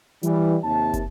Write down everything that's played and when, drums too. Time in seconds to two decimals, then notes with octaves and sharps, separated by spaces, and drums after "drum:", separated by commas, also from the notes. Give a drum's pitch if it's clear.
0.23 E3 G3, drum: hi-hat
0.63 D#2 C3 A5
0.94 drum: kick, hi-hat